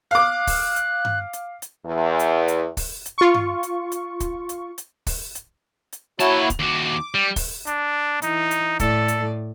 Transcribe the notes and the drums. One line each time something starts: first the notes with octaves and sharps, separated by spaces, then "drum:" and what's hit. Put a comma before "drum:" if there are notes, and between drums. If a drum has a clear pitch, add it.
F5 D6 F#6
drum: kick, open hi-hat
drum: hi-hat
drum: tom G2
drum: hi-hat
drum: hi-hat
E2
drum: hi-hat
drum: hi-hat
drum: kick, open hi-hat
drum: hi-hat
F4 C#6
drum: tom G2
drum: hi-hat
drum: hi-hat
drum: kick, hi-hat
drum: hi-hat
drum: hi-hat
drum: kick, open hi-hat
drum: hi-hat
drum: hi-hat
A#3 E4 F#4 C#5 A5, drum: hi-hat
drum: kick, hi-hat
D#2 F#4 D6
G3
drum: kick, open hi-hat
D4, drum: hi-hat
E3 D#4, drum: hi-hat
drum: hi-hat
A2 A4 D5, drum: kick, hi-hat
drum: hi-hat